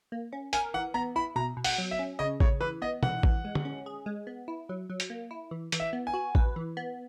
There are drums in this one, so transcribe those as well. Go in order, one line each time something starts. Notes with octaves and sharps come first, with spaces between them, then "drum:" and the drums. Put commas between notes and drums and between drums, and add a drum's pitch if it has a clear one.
A#3
C#4
A#4 G#5, drum: hi-hat
E3 F#5
B3 A#5
E4 B5
B2 A#5
B2
F#5, drum: open hi-hat
F#3
E5
C#4
C#3 D#5
C#3 C#5, drum: kick A1
E3 B4
B3 D#5
E3 F#5, drum: tom
E3, drum: kick A1
G#3
drum: tom
C#4
G#4
G#3
B3
E4
F#3
F#3
drum: hi-hat
A#3
E4
E3
E3, drum: hi-hat
E5
B3
G#5
F#4
B4, drum: kick A1
E3
B3